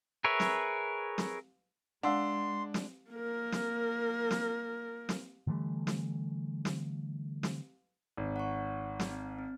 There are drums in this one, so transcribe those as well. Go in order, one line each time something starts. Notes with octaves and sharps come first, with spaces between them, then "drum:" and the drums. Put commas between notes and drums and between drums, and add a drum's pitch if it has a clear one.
G#4 A#4 B4 C#5 E5
drum: snare
drum: snare
G#3 D4 F5 F#5 C6 E6
drum: snare
A#3 A#4
drum: snare
drum: snare
drum: snare
D3 E3 G3 A3
drum: snare
drum: snare
drum: snare
G#1
F#5 C#6
drum: snare
C4
C4